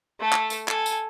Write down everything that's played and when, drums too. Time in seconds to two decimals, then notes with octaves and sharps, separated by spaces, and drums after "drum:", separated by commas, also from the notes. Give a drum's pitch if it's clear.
0.20 A3 A4
0.32 drum: clap
0.50 drum: tambourine
0.68 A4 G#5, drum: clap
0.86 drum: tambourine